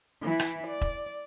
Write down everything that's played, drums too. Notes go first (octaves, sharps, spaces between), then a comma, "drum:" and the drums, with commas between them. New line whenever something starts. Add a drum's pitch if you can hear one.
E3 E4
drum: rim click
D5
drum: kick E1